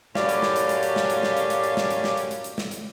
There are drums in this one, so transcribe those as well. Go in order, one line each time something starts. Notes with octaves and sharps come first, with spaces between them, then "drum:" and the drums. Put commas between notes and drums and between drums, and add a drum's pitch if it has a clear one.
F#2 A2 C#4 G4 D5 F5, drum: snare
drum: hi-hat
drum: snare
drum: hi-hat
drum: hi-hat
drum: hi-hat
drum: snare
drum: hi-hat
drum: snare
drum: hi-hat
drum: hi-hat
drum: hi-hat
drum: snare
drum: hi-hat
drum: snare
drum: hi-hat
drum: hi-hat
drum: hi-hat
drum: snare
drum: hi-hat